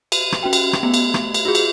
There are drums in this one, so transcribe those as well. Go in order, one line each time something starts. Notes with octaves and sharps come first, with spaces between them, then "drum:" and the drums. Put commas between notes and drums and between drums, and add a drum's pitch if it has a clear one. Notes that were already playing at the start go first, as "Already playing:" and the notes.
D#7, drum: cymbal
drum: rim click
C#4 F#4 G5
drum: cymbal
drum: rim click
A3 B3
drum: cymbal
drum: rim click
drum: cymbal
F4 F#4 G#4
drum: cymbal